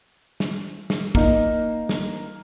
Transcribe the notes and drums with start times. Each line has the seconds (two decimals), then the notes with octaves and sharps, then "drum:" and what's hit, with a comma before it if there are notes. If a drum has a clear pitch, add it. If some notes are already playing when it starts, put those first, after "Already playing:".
0.40 drum: snare
0.90 drum: snare
1.15 A#3 D#4, drum: kick
1.89 drum: snare